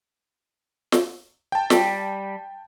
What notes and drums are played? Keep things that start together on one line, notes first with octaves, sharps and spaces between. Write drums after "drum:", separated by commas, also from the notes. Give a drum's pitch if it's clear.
drum: snare
G5 A5
G3, drum: snare